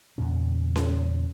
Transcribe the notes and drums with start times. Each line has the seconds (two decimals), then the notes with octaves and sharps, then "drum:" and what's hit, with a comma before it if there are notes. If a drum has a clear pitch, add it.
0.18 E2 A#2 C#3 C#4
0.76 drum: snare C#4